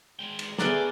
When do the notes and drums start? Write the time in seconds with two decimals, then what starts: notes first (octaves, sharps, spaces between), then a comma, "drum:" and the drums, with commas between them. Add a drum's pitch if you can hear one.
0.19 G#3 G5
0.39 drum: cymbal
0.59 D3 A3 B3 G#4 D5 A#5 F6 F#6, drum: snare